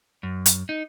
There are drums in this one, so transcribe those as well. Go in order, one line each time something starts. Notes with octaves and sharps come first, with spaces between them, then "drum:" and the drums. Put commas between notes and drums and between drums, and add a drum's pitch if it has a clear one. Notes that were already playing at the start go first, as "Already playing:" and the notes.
F#2
drum: hi-hat
D#4